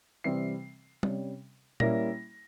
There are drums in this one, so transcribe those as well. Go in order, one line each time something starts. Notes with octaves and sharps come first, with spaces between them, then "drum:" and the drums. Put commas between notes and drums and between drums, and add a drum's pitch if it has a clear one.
C3 E3 G3 C4 C7
C3 G3 C#4, drum: tom G3
G3 A#3 C#4 E4 A#6, drum: tom A#2